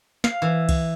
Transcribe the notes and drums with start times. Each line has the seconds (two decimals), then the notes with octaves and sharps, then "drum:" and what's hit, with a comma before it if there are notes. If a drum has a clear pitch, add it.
0.24 F5, drum: snare
0.42 E3
0.69 drum: kick C2, cymbal